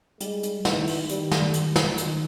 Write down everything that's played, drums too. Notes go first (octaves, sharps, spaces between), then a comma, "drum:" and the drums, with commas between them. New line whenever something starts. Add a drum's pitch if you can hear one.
G3 G#3, drum: hi-hat
drum: hi-hat
D#3 E3, drum: snare
drum: open hi-hat
G3, drum: hi-hat
drum: snare
drum: hi-hat
drum: snare
D#3, drum: hi-hat